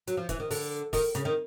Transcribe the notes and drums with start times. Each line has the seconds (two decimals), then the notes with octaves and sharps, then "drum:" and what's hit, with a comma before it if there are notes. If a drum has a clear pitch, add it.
0.07 F#3, drum: hi-hat
0.17 F3
0.29 E3, drum: kick E1, hi-hat
0.40 D#3
0.51 D3, drum: open hi-hat
0.93 D#3, drum: kick E1, open hi-hat
1.15 C#3, drum: hi-hat
1.25 D#3